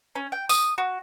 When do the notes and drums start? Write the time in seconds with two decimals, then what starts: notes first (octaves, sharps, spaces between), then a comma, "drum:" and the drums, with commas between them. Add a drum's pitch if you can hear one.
0.16 C#4
0.32 G5
0.49 D#6, drum: tambourine
0.78 F#4